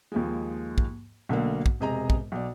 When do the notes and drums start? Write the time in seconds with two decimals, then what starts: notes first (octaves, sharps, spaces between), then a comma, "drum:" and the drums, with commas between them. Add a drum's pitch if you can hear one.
0.12 D#2 F3 G#3
0.78 drum: kick
1.29 B1 D3 A3 A#3
1.66 drum: kick
1.80 E1 C3 G#4 D#5 A#5
2.10 drum: kick
2.32 B1 D5